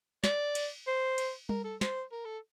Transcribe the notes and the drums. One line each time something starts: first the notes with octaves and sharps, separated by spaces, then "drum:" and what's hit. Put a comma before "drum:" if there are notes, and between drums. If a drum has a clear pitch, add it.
D5, drum: snare
drum: cymbal
C5
drum: cymbal
A#4, drum: tom G3
A4
C5, drum: snare
A#4
A4